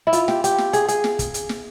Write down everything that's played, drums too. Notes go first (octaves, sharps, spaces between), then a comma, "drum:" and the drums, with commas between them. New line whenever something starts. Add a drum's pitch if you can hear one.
E4
F4, drum: hi-hat
G4, drum: snare
G4, drum: hi-hat
drum: snare
G#4, drum: hi-hat
G#4, drum: hi-hat
drum: snare
drum: kick, hi-hat
drum: hi-hat
drum: snare